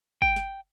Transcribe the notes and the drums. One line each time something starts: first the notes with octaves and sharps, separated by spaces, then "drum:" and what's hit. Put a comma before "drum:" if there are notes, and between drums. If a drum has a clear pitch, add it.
G5, drum: kick
drum: snare